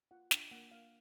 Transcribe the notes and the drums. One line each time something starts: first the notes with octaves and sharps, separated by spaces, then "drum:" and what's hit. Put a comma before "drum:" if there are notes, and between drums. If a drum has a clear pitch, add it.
F4 F#5
D4 G5, drum: snare
A#3 F#5
A#3 F5